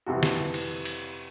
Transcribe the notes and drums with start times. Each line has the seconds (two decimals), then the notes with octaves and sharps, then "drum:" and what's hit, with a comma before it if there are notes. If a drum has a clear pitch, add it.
0.06 F2 C3 E3 G3 F#4
0.23 drum: snare
0.54 drum: cymbal
0.85 drum: cymbal